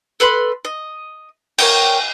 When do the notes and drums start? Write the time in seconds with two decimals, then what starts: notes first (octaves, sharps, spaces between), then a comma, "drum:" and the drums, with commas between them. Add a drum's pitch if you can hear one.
0.20 A4 B4 B5 C6
0.65 D#5
1.58 A#4 C#5 D5 G5, drum: cymbal